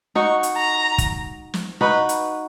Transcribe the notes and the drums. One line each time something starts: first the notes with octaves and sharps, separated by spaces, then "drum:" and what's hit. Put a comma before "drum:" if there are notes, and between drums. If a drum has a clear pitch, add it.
D#4 F#4 C#6
drum: hi-hat
A#5
drum: kick, hi-hat
drum: snare
D#4 F#4 B4
drum: hi-hat